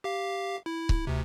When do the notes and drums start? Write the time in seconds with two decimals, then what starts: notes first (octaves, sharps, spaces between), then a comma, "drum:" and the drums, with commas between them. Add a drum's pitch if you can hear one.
0.04 G4 F5
0.66 E4
0.89 drum: kick C#1
1.07 D2 C3